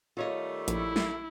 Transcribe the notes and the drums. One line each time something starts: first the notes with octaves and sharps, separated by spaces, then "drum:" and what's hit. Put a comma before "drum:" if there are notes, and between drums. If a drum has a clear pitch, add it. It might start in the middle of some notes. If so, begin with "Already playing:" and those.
D#3 G3 A3 F4 C#5 D#5
A#1 E4, drum: hi-hat
drum: snare